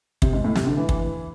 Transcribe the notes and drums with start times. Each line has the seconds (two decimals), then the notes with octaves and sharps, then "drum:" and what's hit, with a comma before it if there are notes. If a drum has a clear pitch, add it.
0.22 C3, drum: kick
0.33 G#2
0.44 A2
0.55 C3, drum: snare
0.66 D3
0.77 E3
0.89 E3, drum: kick